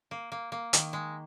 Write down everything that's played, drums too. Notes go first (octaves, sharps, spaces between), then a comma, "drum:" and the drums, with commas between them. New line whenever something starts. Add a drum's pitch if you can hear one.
A#3
A#3
A#3
D#3, drum: hi-hat
G#3